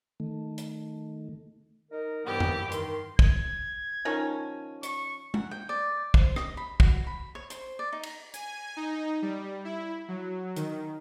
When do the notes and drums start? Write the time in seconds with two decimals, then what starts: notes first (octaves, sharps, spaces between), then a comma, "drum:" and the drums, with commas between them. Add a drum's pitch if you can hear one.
0.20 D#3 A3
0.58 drum: hi-hat
1.92 D#4 A#4
2.25 C2 G2 E3 B3 G4
2.40 drum: tom F2
2.72 D#3 C6, drum: hi-hat
3.19 G#6, drum: kick
4.05 D#3 F3 C#4
4.83 C#6, drum: hi-hat
5.34 F#5, drum: tom
5.51 G5
5.69 D5
6.14 C5, drum: kick
6.36 D#5, drum: rim click
6.57 B5
6.80 F#4, drum: kick
7.07 B5
7.35 C#5
7.50 C5, drum: hi-hat
7.79 D5
7.93 D#4
8.03 drum: cymbal
8.34 G#5, drum: hi-hat
8.77 D#4
9.22 G3
9.65 E4
10.08 F#3
10.56 D#3, drum: hi-hat